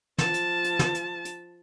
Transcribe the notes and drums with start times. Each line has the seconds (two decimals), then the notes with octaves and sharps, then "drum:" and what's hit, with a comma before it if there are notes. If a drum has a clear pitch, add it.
0.18 F3 A5, drum: snare
0.34 drum: hi-hat
0.64 drum: hi-hat
0.79 drum: snare
0.95 drum: hi-hat
1.25 drum: hi-hat